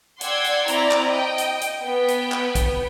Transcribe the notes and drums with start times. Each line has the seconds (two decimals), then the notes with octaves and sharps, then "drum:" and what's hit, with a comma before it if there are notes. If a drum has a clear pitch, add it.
0.21 D5 F#5 G5 C6 E6 G#6, drum: hi-hat
0.44 drum: hi-hat
0.68 C4 E4 D5 A#5, drum: hi-hat
0.91 drum: clap
1.10 D#5 G5
1.38 drum: hi-hat
1.61 drum: hi-hat
1.80 B3 G5
2.08 drum: hi-hat
2.32 drum: clap
2.55 drum: kick, hi-hat